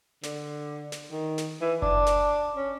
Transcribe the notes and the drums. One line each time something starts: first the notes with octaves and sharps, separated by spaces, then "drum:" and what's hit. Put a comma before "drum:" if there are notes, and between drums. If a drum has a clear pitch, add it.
D3, drum: snare
drum: snare
D#3
drum: snare
E3
D4, drum: kick F#1
drum: snare
C#4